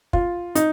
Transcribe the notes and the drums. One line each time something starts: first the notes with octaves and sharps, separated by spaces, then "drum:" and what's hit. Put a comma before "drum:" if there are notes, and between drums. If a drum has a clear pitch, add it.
F4, drum: kick
D#4, drum: hi-hat